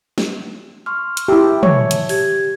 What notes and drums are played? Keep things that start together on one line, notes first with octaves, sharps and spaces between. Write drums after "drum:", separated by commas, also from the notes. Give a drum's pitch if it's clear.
drum: snare
C6 C#6 F6
drum: hi-hat
E4 G4 E5 A5 E6
C#5, drum: tom
drum: hi-hat
G4 G#6, drum: open hi-hat